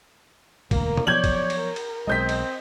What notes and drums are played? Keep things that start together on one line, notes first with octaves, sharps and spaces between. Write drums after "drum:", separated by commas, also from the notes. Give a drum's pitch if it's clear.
E1 D2 A#3 A#4, drum: kick, cymbal
drum: tom
F3 F#3 B3 C#5 D5 G6 G#6 F#7
drum: kick, cymbal
drum: cymbal
A#4
drum: cymbal
B1 G#3 C4 D#5 G6 B6
drum: cymbal